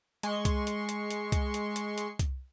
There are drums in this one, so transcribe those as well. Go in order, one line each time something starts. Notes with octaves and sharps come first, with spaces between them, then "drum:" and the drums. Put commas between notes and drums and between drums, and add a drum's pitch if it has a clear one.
G#3 C6 C#6, drum: hi-hat
drum: kick C2, hi-hat
drum: hi-hat
drum: hi-hat
drum: hi-hat
drum: kick C2, hi-hat
drum: hi-hat
drum: hi-hat
drum: hi-hat
drum: kick C2, hi-hat